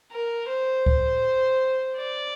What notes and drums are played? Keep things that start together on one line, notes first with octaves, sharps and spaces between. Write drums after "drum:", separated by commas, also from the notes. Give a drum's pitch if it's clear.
A#4
C5
drum: kick C#2
D5